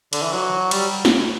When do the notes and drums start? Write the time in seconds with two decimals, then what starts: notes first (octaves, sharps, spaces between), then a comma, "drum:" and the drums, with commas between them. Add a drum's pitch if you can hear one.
0.13 D3, drum: cymbal
0.22 E3
0.33 F#3
0.71 G3, drum: cymbal
1.05 drum: snare